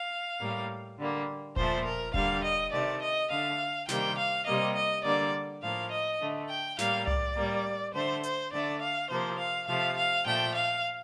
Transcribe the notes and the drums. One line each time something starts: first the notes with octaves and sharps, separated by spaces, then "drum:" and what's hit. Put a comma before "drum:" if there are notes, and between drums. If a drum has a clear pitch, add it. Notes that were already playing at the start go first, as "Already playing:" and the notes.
Already playing: F5
A2 G3 A#3
D3 G3 A#3
A#2 F3 A3 C5, drum: kick E1
A#4
D3 G3 A#3 F5, drum: kick E1
D#5
C3 D#3 A3 D5
D#5
D3 A3 F5
C3 D#3 G3 A#3 G5, drum: snare
F5
C3 G3 A#3 D#5
D#5
D3 G3 A#3 D5
A2 F3 A#3 F5
D#5
D3 A3
G5
A2 G3 A#3 F5, drum: snare
D5, drum: tom C2
A2 G3 A#3
D3 A3 C5
C5, drum: hi-hat
D3 A3 D5
F5
C3 F3 A#3 C5
F5
C3 F3 A3 F5
F5
A#2 F3 A3 G5
F5